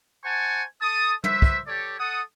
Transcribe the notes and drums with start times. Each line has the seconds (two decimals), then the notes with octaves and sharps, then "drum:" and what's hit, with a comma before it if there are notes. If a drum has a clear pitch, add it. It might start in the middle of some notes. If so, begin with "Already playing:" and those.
0.24 C5 F#5 G#5 A5 C#6
0.81 A4 A5 D#6
1.24 B4 C5 E5, drum: tom
1.42 drum: kick
1.67 G4 A4 C#5 D5
1.99 A4 F#5 D#6